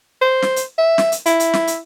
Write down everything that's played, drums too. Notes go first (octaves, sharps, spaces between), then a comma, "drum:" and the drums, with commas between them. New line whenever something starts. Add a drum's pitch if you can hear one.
C5
drum: snare
drum: hi-hat
E5
drum: snare
drum: hi-hat
E4, drum: hi-hat
drum: hi-hat
drum: snare
drum: hi-hat